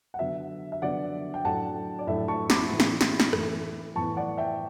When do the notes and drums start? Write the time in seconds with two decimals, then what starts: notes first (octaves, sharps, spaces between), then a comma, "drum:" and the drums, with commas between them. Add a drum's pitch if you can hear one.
0.14 F#5
0.19 D3 F#3 B3 E5
0.72 E5
0.82 D3 F#3 B3 D5 F#5
1.34 G5
1.45 A2 F#3 A3 D4 F#5 A5
1.99 D5
2.07 A2 F#3 A3 D4 E5
2.28 A5 C#6
2.50 B5 D6, drum: snare
2.70 A2 E3 A3
2.80 drum: snare
3.01 drum: snare
3.20 drum: snare
3.33 A2 E3 A3, drum: rim click
3.96 A2 E3 B3 A5 C#6
4.17 D5 F#5
4.38 E5 G5